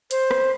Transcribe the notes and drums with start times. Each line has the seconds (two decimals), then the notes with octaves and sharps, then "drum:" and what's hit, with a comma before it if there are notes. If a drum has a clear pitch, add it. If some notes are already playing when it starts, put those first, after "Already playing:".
0.11 C5, drum: hi-hat
0.31 drum: rim click